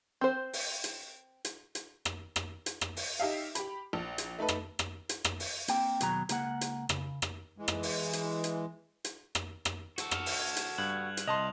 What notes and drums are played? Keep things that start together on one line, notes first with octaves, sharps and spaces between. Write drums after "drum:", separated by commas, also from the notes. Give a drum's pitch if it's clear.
C4 C5
drum: open hi-hat
drum: hi-hat
drum: hi-hat
drum: hi-hat
drum: rim click
drum: rim click
drum: hi-hat
drum: rim click
drum: open hi-hat
D#4 G4 E5 F5
G4 B5, drum: hi-hat
A#1
drum: hi-hat
A3 D#4 A4 B4
drum: rim click
drum: rim click
drum: hi-hat
drum: rim click
drum: open hi-hat
A#3 C4 G5, drum: hi-hat
D#2 B2 F#3 A#5, drum: hi-hat
C#2 A#3 F#5, drum: hi-hat
drum: hi-hat
C#3, drum: rim click
drum: rim click
E3 G#3
drum: rim click
drum: open hi-hat
drum: hi-hat
drum: hi-hat
drum: hi-hat
drum: rim click
drum: rim click
F#4 A4, drum: hi-hat
F6 E7 F7, drum: rim click
drum: open hi-hat
G#6
drum: hi-hat
G2 F#6 G#6 F#7
drum: hi-hat
C2 D#5 A5 C6 F7